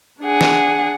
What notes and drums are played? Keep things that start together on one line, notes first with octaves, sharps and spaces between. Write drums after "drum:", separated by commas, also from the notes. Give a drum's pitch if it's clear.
D4 G#4 F#5
drum: snare